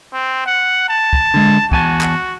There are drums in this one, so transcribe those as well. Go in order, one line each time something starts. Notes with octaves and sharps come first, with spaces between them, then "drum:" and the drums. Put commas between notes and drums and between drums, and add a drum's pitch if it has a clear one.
C4
F#5
A5
drum: kick
D3 G#3
E2 F#4 G#5 A5, drum: kick
drum: clap